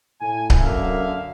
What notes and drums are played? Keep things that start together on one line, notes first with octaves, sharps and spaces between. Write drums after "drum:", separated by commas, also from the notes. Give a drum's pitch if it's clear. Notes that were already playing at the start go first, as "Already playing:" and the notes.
A2 G#5
drum: kick C#1
F#2 D3 A#3 E5 F5